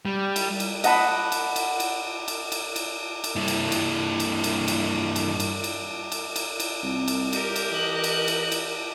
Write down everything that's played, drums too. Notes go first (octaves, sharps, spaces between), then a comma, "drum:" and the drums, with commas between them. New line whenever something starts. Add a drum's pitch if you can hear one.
G3
drum: cymbal
drum: cymbal
D#5 F#5 A5 B5, drum: cymbal
drum: cymbal
drum: cymbal
drum: cymbal
drum: cymbal
drum: cymbal
drum: cymbal
drum: cymbal
G2 E4
drum: cymbal
drum: cymbal
drum: cymbal
drum: cymbal
drum: cymbal
drum: cymbal
drum: cymbal
drum: cymbal
drum: cymbal
drum: cymbal
drum: cymbal
C2
drum: cymbal
G4 A#4, drum: cymbal
drum: cymbal
E3 D#5 F#6
drum: cymbal
drum: cymbal
drum: cymbal